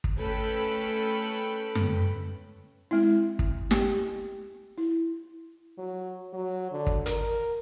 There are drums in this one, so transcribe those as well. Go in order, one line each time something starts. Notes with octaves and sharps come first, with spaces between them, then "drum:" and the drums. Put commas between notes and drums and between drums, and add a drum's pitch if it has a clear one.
drum: kick
A3 C#4 A4 B4 G5 B5
drum: tom F#2
G#3 C4 E4
drum: kick
G4 G5 G#5, drum: snare
E4
F#3
F#3
D3
drum: kick
A#4, drum: hi-hat